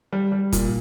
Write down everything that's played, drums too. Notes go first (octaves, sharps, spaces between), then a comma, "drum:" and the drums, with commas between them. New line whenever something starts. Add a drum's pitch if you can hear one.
G3
G3
A#2, drum: kick, hi-hat